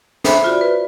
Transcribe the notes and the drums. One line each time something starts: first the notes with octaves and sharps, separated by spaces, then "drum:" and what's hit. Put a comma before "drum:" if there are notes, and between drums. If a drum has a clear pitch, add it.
C5 E5 B5, drum: snare
F4 F#4 D5
B4